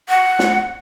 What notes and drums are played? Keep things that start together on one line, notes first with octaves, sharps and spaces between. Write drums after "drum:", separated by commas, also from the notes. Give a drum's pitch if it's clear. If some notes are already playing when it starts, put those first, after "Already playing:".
F#5
drum: snare